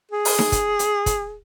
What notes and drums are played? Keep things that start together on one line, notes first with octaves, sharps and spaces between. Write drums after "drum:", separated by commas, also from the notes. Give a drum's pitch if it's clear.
G#4
drum: open hi-hat
drum: snare D#4
drum: kick, hi-hat
drum: hi-hat
drum: kick, hi-hat